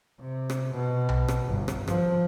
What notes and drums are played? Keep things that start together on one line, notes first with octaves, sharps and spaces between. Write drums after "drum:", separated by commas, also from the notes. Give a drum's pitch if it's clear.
C3
drum: rim click
B2
drum: tom B1
drum: rim click
G1
drum: rim click
F3, drum: rim click